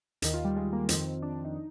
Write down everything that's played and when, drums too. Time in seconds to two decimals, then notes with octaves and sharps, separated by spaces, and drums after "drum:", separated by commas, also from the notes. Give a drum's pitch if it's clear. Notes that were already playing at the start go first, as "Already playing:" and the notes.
0.22 D#2 D#3, drum: hi-hat
0.34 F4
0.45 G3
0.56 G#3
0.73 A#3
0.89 F2 D#3 C4, drum: hi-hat
1.22 D4
1.33 D4
1.44 D#4